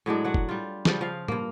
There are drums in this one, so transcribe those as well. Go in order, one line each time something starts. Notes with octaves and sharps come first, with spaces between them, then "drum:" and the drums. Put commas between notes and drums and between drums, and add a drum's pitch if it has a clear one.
A2 F#3 G#3 D4
F#3 F#5
drum: kick
G3 F4
C#3 F3 G3, drum: snare
F3 F5
G2 A#3, drum: tom A2